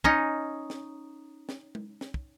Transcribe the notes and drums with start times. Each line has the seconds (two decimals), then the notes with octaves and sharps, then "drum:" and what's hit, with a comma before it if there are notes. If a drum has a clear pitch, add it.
0.04 C#4 D#4, drum: kick
0.70 drum: snare
1.49 drum: snare
1.75 drum: tom G#3
2.01 drum: snare
2.14 drum: kick